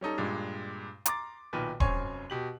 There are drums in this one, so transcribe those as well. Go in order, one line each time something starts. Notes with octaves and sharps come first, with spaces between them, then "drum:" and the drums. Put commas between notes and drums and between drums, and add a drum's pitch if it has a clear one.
G3 C#4 D#4 A4
G2 A#2 G#3
A#5 C6 D6 A6, drum: hi-hat
B1 A#2 D#3 B4
F1 F#2 C4 C#5 G#5 C6, drum: kick D#1
B2 G4 F#7